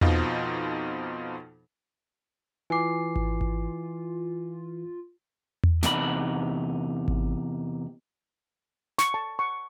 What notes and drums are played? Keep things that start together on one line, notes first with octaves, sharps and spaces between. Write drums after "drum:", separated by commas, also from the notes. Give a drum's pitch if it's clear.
F2 B2 F3 D#4 F4, drum: tom E2
E3 F4 G#5 D6 C7
drum: kick G#1
drum: kick G#1
drum: tom E2
E2 C3 D#4 G4 B5, drum: snare
drum: kick G#1
C#6, drum: snare
A5
C#6